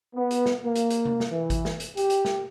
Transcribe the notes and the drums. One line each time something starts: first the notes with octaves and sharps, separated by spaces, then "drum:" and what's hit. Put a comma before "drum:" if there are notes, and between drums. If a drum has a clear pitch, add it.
B3
drum: hi-hat
drum: snare
A#3
drum: hi-hat
drum: hi-hat
drum: tom
drum: snare
E3
drum: kick G#1, hi-hat
drum: snare
drum: hi-hat
G4, drum: hi-hat
drum: hi-hat
drum: snare